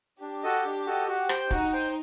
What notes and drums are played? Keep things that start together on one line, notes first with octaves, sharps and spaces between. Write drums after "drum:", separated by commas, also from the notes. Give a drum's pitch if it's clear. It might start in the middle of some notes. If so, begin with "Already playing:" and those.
D4 G4
F#4 A4 D#5
D4
F#4 A4 D#5
F#4
C5 G5, drum: rim click
D#4 F#4, drum: kick
C5 G5